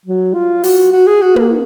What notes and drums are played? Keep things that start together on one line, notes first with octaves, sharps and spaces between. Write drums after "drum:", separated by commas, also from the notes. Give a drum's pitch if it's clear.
F#3
F4
F#4, drum: open hi-hat
F#4
G#4
F#4
A#3, drum: tom